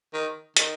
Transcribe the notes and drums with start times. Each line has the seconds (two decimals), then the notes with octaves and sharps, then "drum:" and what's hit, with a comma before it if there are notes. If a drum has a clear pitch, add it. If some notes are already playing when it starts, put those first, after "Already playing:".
0.13 D#3
0.57 D#3, drum: hi-hat